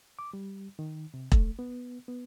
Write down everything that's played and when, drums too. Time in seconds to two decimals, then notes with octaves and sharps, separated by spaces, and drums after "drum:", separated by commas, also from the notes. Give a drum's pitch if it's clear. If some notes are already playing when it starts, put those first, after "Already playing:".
0.19 D6
0.33 G3
0.79 D#3
1.14 C3
1.32 A3, drum: kick E1
1.59 B3
2.08 B3